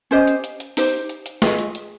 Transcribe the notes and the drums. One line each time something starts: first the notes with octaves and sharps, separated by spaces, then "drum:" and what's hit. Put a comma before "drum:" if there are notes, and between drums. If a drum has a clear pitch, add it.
C#4 G4 C5 D#5
drum: hi-hat
drum: hi-hat
drum: hi-hat
D#4 G4 C5, drum: open hi-hat
drum: hi-hat
drum: hi-hat
F4 G#4 D#5, drum: snare
drum: hi-hat
drum: hi-hat